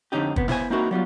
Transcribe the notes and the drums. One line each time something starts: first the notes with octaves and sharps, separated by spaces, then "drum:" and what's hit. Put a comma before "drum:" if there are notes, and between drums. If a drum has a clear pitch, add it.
F2 G#2 D3 C#4 D#4 G4
C3 B3, drum: kick
B3 E4 F4 C5 G#5, drum: snare
A#3 C4 D#4 E4 F#4 A#4
F#3 G3 B3 F4